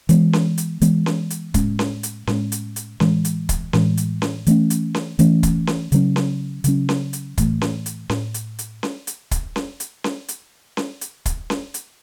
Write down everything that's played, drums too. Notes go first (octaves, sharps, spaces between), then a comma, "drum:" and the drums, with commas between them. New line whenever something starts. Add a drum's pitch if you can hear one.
E3 G#3 B3, drum: hi-hat
drum: snare C#4
drum: hi-hat
E3 G#3 B3, drum: hi-hat
drum: snare C#4
drum: hi-hat
A2 G#3 C#4, drum: kick, hi-hat
drum: snare C#4
drum: hi-hat
A2 G#3 C#4, drum: snare C#4
drum: hi-hat
drum: hi-hat
A2 E3 G#3, drum: snare C#4
drum: hi-hat
drum: kick, hi-hat
A2 E3 G#3, drum: snare C#4
drum: hi-hat
drum: snare C#4
E3 A3 C#4, drum: hi-hat
drum: hi-hat
drum: snare C#4
E3 A3 C#4, drum: hi-hat
drum: kick, hi-hat
drum: snare C#4
C#3 F#3 C#4, drum: hi-hat
drum: snare C#4
C#3 F#3 C#4, drum: hi-hat
drum: snare C#4
drum: hi-hat
A2 E3 A3, drum: kick, hi-hat
drum: snare C#4
drum: hi-hat
A2, drum: snare C#4
drum: hi-hat
drum: hi-hat
drum: snare C#4
drum: hi-hat
drum: kick, hi-hat
drum: snare C#4
drum: hi-hat
drum: snare C#4
drum: hi-hat
drum: snare C#4
drum: hi-hat
drum: kick, hi-hat
drum: snare C#4
drum: hi-hat